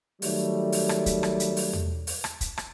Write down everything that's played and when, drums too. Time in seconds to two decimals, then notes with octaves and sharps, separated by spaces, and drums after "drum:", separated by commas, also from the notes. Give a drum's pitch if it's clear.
0.22 D#3 F#3 G3 A3, drum: open hi-hat
0.72 drum: open hi-hat
0.89 drum: rim click
1.06 drum: kick, hi-hat
1.23 drum: rim click
1.40 drum: hi-hat
1.57 drum: open hi-hat
1.73 drum: tom E2
2.07 drum: open hi-hat
2.24 drum: rim click
2.41 drum: kick, hi-hat
2.57 drum: rim click